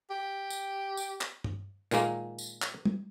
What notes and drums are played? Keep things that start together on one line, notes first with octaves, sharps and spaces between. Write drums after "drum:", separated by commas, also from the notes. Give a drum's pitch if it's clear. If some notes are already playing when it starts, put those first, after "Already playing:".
G4
drum: tambourine
drum: tambourine
drum: clap
drum: tom G2
A#2 D#3 G#3 A#3, drum: tambourine
drum: tambourine
drum: clap
drum: tom